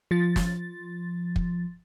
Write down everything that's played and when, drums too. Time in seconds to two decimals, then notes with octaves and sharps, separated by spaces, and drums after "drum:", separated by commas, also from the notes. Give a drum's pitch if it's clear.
0.11 F3 A6
0.36 drum: snare
1.36 drum: kick